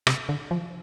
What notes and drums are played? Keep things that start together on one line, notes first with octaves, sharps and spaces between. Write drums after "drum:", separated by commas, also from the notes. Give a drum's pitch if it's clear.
C3, drum: rim click
D3
F3